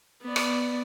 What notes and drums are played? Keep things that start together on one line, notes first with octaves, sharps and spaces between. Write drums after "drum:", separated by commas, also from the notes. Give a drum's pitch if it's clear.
B3 D5
drum: rim click